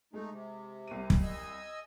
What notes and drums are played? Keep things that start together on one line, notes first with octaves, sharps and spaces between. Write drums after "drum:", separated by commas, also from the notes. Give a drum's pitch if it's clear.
G#3 A3 D#4
C3
C2 D#7
drum: kick
D#5 G#5 E6